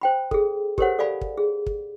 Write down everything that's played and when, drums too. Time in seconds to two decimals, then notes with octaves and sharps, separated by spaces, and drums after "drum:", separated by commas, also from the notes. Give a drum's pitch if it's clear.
0.01 C5 G5 B5
0.31 G#4 A4, drum: kick
0.78 G4 A4 A#4 C5 C#5 F#5, drum: kick
0.99 A4 D5 F5 G#5 B5
1.21 drum: kick
1.38 G#4
1.66 drum: kick